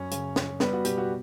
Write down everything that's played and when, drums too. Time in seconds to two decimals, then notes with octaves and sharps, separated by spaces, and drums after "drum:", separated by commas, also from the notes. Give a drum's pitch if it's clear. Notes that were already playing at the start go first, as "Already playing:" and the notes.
Already playing: F#2 C#4 C#5
0.11 C#3, drum: hi-hat
0.36 C#4, drum: snare
0.60 G3 B3 B4, drum: snare
0.73 F#4
0.85 B2 G4, drum: hi-hat
0.98 F#4